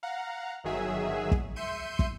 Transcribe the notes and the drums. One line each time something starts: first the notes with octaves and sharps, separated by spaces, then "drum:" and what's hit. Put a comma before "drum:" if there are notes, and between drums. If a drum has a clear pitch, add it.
F5 F#5 A#5
G1 D#3 F#3 G#4 E5
drum: kick
E5 C6 G6 C#7 D#7
drum: kick